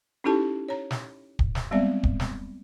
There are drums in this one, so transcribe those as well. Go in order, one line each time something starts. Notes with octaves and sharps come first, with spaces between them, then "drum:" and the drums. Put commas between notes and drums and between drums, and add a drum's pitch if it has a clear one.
C#4 D#4 E4 G4 A4 A5
C#5 A#5
drum: snare
drum: kick
drum: snare
G3 G#3 B3 C4 D5 E5
drum: kick
drum: snare